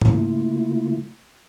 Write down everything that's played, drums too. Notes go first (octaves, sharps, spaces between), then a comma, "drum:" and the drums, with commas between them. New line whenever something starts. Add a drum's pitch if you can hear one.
C#3 A3 A#3 E4 F4, drum: tom G#2